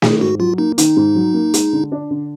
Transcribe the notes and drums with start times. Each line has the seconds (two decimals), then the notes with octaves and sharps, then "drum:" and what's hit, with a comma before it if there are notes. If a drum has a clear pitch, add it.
0.02 D#3 G#4, drum: snare
0.21 G#2 F#4
0.39 F#3 F4
0.58 A#3 D#4
0.78 D#3 D#4, drum: hi-hat
0.96 G#2
1.15 F#3
1.34 A#3
1.54 G#3, drum: hi-hat
1.73 D3
1.92 D4
2.10 D3